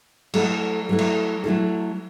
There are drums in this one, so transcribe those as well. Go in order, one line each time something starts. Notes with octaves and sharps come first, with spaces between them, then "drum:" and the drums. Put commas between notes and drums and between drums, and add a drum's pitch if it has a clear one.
F#3 A3 E4 A4, drum: cymbal
F#3 A3 E4 A4
drum: cymbal
F#3 A3 E4 A4